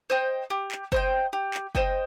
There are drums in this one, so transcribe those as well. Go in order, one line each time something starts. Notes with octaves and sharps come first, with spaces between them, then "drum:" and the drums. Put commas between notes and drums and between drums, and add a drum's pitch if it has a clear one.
C5 D#5 G5
G4
drum: clap
C5 D#5 G5, drum: kick F#1
G4
drum: clap
C5 D#5 G5, drum: kick F#1